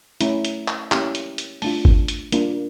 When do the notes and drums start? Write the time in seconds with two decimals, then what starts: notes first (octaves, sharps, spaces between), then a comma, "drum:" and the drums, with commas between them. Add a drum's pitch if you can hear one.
0.21 A3 C#4 E4 A#5, drum: hi-hat
0.45 drum: hi-hat
0.68 drum: clap
0.92 A#3 C#4 E4 G4, drum: clap
1.15 drum: hi-hat
1.38 drum: hi-hat
1.62 A3 D4 F4 A5, drum: open hi-hat
1.85 drum: kick G1
2.08 drum: hi-hat
2.32 A#3 D4 F4, drum: hi-hat